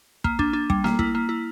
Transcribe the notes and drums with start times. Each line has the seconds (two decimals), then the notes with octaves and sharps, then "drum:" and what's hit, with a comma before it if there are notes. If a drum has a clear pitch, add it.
0.24 A#3, drum: kick
0.39 D4, drum: kick
0.53 D4
0.70 G3, drum: kick
0.84 A#3, drum: snare
0.99 E4, drum: kick
1.15 A#3
1.29 E4